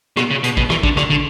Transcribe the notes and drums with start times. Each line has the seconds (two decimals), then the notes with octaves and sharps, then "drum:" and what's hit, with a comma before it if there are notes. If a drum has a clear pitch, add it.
0.17 B2, drum: rim click
0.31 C#3
0.44 B2, drum: hi-hat
0.57 B2, drum: kick A#1
0.70 E3, drum: rim click
0.83 D3, drum: kick A#1
0.97 D3, drum: rim click
1.10 D3